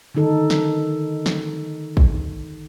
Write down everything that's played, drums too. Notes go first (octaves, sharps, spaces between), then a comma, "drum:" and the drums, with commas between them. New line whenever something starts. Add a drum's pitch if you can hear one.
D3 D#3 D#4 A4
drum: snare
drum: snare
drum: kick